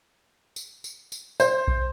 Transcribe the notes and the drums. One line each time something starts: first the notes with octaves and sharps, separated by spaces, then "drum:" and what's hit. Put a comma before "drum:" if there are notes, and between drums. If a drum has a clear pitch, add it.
drum: tambourine
drum: tambourine
drum: tambourine
C5, drum: tambourine
drum: kick B1